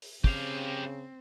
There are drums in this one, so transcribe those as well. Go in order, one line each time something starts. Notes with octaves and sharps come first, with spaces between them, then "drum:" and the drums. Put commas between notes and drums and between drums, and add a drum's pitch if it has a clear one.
drum: open hi-hat
C#3 C4 G4 F5, drum: kick